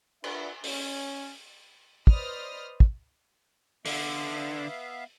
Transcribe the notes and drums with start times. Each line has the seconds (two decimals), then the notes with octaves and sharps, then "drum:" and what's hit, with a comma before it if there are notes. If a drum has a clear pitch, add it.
0.24 D4 F4 B4 D5 E5 F#5, drum: cymbal
0.64 C#4, drum: open hi-hat
2.07 B4 C5 D5 D#5 D#6 F6, drum: kick
2.80 drum: kick
3.85 D3 B3 E5 F5, drum: open hi-hat